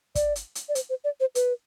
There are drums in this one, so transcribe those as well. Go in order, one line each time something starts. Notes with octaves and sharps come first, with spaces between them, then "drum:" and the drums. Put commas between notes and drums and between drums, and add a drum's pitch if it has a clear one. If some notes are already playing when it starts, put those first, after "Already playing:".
D5, drum: kick, hi-hat
drum: hi-hat
drum: hi-hat
D5
C5, drum: hi-hat
C5
D5
C5
B4, drum: hi-hat